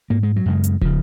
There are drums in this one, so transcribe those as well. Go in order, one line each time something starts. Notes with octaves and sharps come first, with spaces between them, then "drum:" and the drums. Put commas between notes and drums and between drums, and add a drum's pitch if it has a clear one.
G#2 A#3
G#3
F#3
F#2 C#3 G#3
drum: hi-hat
C#3 F3, drum: kick